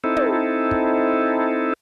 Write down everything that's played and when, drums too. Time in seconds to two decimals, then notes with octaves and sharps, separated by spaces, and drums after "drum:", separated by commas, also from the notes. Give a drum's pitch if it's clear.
0.04 C4 D#4 E4 A4
0.17 drum: tom
0.71 drum: kick